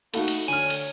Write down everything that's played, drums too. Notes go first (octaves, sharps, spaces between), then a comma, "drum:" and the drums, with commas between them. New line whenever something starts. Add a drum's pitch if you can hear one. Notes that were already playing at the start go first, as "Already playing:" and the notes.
A3 D#4 F#4 F5 B5, drum: cymbal
drum: cymbal
D3 C#5 G#5 F6
drum: cymbal